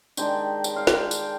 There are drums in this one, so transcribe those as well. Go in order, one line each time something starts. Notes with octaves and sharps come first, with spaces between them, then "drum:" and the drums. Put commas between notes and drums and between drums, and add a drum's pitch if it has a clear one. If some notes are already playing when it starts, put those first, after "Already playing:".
D#3 G#3 D4 G5, drum: tambourine
G5, drum: tambourine
F5
G5, drum: snare
drum: tambourine